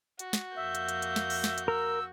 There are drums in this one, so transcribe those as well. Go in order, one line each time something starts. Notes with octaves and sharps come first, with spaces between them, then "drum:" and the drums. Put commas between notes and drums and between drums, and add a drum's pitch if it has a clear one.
F#4, drum: hi-hat
drum: snare
F2 A#3 E5 G6
drum: hi-hat
drum: hi-hat
drum: hi-hat
drum: snare
drum: open hi-hat
drum: snare
drum: hi-hat
A#4 E6